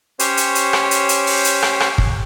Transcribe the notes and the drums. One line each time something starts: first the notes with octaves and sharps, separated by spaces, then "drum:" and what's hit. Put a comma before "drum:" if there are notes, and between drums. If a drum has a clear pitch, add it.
C#4 G4 C5 C#5, drum: hi-hat
drum: hi-hat
drum: hi-hat
drum: rim click
drum: hi-hat
drum: hi-hat
drum: open hi-hat
drum: hi-hat
drum: rim click
drum: rim click
drum: kick